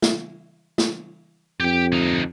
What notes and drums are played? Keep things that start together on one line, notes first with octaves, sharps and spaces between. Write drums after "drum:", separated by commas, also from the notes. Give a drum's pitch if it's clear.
drum: snare
drum: snare
F2 G4 G5
D2 D#4